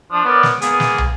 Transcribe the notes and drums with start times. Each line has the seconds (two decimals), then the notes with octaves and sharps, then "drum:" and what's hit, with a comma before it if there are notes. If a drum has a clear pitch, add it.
0.11 F3 D4
0.25 B3 A#4 C#5 D5
0.43 drum: snare
0.62 A#3 B3 G#4, drum: hi-hat
0.80 drum: snare
0.98 drum: tom